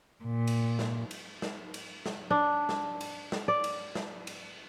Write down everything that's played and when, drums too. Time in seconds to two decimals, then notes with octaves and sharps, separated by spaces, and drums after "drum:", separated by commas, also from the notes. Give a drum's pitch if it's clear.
0.24 A#2
0.47 drum: cymbal
0.79 drum: snare
1.11 drum: cymbal
1.42 drum: snare
1.74 drum: cymbal
2.06 drum: snare
2.30 D4
2.69 drum: snare
3.01 drum: cymbal
3.32 drum: snare
3.48 D5
3.64 drum: cymbal
3.95 drum: snare
4.27 drum: cymbal